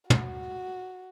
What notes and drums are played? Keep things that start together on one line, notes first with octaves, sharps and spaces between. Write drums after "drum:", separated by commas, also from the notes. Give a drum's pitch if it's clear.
F#4, drum: tom